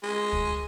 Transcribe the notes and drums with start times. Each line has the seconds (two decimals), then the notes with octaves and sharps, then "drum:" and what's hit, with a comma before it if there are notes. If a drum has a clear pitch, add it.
0.03 G#3
0.32 drum: kick